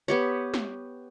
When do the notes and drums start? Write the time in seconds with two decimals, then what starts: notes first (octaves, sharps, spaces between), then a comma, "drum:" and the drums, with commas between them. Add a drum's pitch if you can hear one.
0.08 B3 G4 C#5
0.54 drum: snare